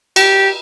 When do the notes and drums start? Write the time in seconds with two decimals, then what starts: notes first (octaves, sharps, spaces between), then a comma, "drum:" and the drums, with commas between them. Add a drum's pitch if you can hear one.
0.16 G4, drum: cymbal